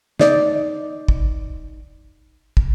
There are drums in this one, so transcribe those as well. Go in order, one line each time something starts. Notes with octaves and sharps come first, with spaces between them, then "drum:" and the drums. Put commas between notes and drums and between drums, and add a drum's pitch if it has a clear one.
D#4 D5, drum: snare
drum: kick
drum: kick